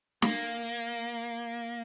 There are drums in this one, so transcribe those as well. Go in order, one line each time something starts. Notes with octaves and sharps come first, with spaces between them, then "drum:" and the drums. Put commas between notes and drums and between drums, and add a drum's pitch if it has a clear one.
A#3, drum: snare